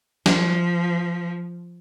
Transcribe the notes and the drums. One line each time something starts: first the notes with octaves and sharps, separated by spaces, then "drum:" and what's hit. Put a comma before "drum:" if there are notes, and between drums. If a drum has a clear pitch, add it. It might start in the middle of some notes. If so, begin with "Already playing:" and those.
F3, drum: snare